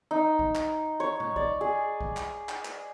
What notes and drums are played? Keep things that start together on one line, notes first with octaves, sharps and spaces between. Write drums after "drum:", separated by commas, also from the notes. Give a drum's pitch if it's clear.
D#4
drum: kick A#1
drum: clap
C#5
drum: tom
D5, drum: kick A#1
G#4
drum: kick A#1
drum: clap
drum: clap
drum: clap